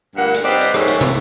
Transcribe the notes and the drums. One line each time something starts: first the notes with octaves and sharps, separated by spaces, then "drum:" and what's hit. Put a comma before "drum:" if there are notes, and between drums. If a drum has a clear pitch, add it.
D2 G2 A#2 A#3 F#5
drum: hi-hat
G3 C4 D#4 B4 C5 D5
drum: hi-hat
D#2 G#2 A3 C#4 G#4, drum: rim click
drum: hi-hat
drum: tom